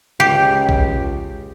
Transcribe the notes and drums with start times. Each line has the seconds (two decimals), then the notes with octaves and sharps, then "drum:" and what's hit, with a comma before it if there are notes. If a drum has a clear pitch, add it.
0.20 C#2 G4
0.69 drum: kick A#1